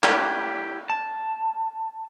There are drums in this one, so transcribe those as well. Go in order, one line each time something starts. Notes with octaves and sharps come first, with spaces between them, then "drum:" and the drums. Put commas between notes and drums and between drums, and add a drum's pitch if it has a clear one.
E4 G4, drum: clap
A5